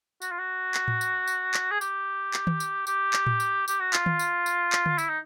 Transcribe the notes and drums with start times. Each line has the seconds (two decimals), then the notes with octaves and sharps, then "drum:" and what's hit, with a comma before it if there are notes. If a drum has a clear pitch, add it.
0.22 F#4, drum: tambourine
0.31 F4
0.39 F#4
0.74 drum: clap
0.88 drum: tom A2
1.01 drum: tambourine
1.27 drum: tambourine
1.54 drum: clap
1.71 G#4
1.81 G4, drum: tambourine
2.34 drum: clap
2.47 drum: tom D#3
2.60 drum: tambourine
2.87 G4, drum: tambourine
3.13 drum: clap
3.27 drum: tom A2
3.40 drum: tambourine
3.68 G4, drum: tambourine
3.80 F#4
3.93 F4, drum: clap
4.06 drum: tom D#3
4.19 drum: tambourine
4.46 drum: tambourine
4.72 drum: clap
4.86 drum: tom D3
4.98 E4, drum: tambourine
5.09 D#4